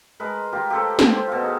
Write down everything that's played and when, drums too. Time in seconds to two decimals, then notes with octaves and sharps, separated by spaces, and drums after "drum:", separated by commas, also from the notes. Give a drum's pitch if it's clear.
0.20 G#3 A#4 B4
0.52 F4 G4 A#4
0.70 G4 A4 C5
0.99 drum: snare
1.12 C5
1.27 B2 F4
1.40 D#4 G#4